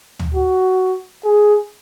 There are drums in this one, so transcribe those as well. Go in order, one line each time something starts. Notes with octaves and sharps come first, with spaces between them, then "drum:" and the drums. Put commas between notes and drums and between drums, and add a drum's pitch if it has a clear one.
drum: tom
F#4
G#4